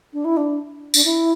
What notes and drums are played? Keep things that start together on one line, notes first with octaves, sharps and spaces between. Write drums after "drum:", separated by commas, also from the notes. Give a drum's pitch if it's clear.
D4
E4
D4
D4, drum: tambourine
E4